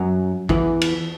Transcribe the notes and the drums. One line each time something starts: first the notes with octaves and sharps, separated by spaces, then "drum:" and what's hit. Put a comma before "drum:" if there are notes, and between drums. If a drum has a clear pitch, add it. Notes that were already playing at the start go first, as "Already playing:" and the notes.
Already playing: F#2 F#3
E2 E3, drum: kick
drum: cymbal